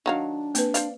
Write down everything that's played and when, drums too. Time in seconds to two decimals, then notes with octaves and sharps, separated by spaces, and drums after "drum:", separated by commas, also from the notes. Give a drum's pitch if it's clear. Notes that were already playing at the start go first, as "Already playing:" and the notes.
0.06 D#3 F#3 D4 F5
0.55 A#3 C4 B4, drum: hi-hat
0.74 C5 D5 F5, drum: hi-hat